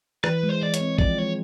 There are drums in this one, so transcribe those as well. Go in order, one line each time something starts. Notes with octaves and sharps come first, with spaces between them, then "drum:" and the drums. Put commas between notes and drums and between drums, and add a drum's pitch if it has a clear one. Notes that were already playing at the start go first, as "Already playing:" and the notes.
E3 B4, drum: rim click
G#3
C5
E3 D5
C#5, drum: hi-hat
C4
F3 D5, drum: kick A1
G#3 C#5